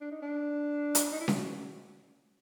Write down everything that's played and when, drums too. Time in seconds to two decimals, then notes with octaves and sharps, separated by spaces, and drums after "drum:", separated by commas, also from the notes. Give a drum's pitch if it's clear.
0.01 D4
0.11 D#4
0.22 D4
0.95 drum: hi-hat
1.12 D#4
1.20 E4
1.28 F4, drum: snare C#4
1.36 F#4